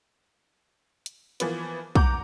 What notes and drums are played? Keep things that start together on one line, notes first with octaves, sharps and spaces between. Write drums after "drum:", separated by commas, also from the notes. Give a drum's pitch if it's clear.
drum: hi-hat
E3 F3 A#3 B3, drum: hi-hat
F#5 A#5 D6 G6, drum: kick